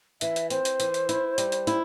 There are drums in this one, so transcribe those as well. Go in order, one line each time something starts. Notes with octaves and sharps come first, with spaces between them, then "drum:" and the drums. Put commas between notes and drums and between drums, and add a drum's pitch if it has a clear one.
E3 E5, drum: hi-hat
drum: hi-hat
C4 C5, drum: hi-hat
drum: hi-hat
E3, drum: hi-hat
drum: hi-hat
E4, drum: hi-hat
G3, drum: hi-hat
drum: hi-hat
E4, drum: hi-hat